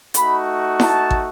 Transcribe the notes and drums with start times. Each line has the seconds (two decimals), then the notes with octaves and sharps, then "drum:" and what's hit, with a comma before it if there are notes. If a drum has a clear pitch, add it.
0.14 A3 D#4 F#4 B5, drum: hi-hat
0.80 A5, drum: snare E4
1.11 drum: kick